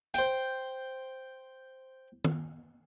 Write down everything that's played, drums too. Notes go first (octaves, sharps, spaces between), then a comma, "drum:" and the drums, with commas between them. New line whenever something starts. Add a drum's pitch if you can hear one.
C5 G5, drum: hi-hat
drum: tom